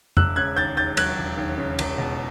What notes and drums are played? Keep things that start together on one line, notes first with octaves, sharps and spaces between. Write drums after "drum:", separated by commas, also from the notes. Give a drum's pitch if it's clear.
E1 E6 F#6, drum: tom F2
C#3 F#6 G#6
D#2 G6 A6
D#2 G6 A6
F#3 F#6 G#6, drum: cymbal
E1
D#2
C#3
E1, drum: cymbal
B2